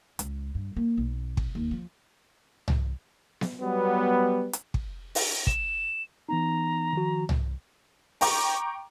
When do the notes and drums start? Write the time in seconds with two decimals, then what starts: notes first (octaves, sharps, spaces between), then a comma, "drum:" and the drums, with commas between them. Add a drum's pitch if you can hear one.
0.19 C#2, drum: hi-hat
0.55 G2
0.77 A#3
0.97 B1
1.37 drum: kick
1.55 D#2
1.71 F3
2.68 drum: tom C2
3.41 drum: snare B3
3.60 F#3 G3 B3
4.53 drum: hi-hat
4.74 drum: kick
5.15 drum: open hi-hat
5.47 E7, drum: kick
6.29 E3 B3 D#4 A#5
6.93 D#3 F3 F#4
7.29 drum: tom C2
8.21 G5 A#5 C#6 D6, drum: open hi-hat